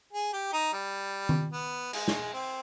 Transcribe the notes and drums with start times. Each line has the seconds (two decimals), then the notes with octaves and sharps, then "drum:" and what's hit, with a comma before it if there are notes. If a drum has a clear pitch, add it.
0.13 G#4
0.33 G4
0.53 D#4
0.73 G3
1.29 drum: tom D#3
1.53 B3
1.93 G#3, drum: cymbal
2.08 drum: snare
2.33 C4